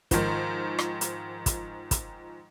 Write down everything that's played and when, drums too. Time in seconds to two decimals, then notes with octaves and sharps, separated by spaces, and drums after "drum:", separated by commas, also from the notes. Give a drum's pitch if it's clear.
0.11 G#2 D#3 F3, drum: kick, hi-hat
0.79 drum: rim click
1.01 drum: hi-hat
1.46 drum: kick, hi-hat
1.91 drum: kick, hi-hat